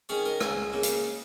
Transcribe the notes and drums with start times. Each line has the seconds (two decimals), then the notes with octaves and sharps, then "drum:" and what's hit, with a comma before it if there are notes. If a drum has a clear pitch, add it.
0.09 D#3 C#4 G#4 C#5
0.25 A#4 D#5
0.40 C#2 D#5 G#5, drum: rim click
0.73 C#3 A#3
0.83 drum: hi-hat